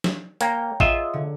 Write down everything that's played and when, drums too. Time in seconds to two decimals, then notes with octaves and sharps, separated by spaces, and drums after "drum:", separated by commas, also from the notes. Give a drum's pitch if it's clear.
0.04 drum: snare
0.41 A#3 C#5 G5 A#5, drum: hi-hat
0.80 F4 G#4 D#5 E5, drum: kick A1
1.13 D3